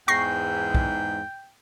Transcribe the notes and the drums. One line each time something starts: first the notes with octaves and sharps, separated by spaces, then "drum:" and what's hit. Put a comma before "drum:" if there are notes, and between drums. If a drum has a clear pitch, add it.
E2 G#2 G5 C#6 A#6 C7
drum: kick